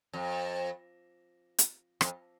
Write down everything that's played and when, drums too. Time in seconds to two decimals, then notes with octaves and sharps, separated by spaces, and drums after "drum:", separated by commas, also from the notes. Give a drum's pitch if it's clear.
0.13 F2
1.58 drum: hi-hat
2.01 F2, drum: rim click